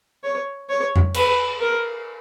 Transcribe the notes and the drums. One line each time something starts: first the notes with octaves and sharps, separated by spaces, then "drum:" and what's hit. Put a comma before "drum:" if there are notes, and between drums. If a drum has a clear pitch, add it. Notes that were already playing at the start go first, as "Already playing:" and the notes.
C#5
C#5
drum: tom F2
B4, drum: cymbal
A#4